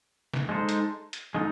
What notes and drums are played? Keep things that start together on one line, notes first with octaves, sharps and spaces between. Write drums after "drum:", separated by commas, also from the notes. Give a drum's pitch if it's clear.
drum: snare
G#3 D#4 A4 C5
drum: hi-hat
drum: hi-hat
G#3 D#4 A4